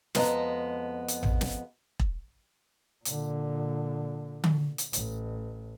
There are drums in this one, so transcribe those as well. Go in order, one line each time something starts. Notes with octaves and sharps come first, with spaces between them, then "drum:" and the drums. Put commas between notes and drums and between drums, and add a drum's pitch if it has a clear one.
F2 G#3 B3 D#5 A5 A#5, drum: snare
drum: hi-hat
drum: tom A1
drum: snare
drum: kick E1
A#2 D3, drum: hi-hat
drum: tom D3
drum: hi-hat
A1, drum: hi-hat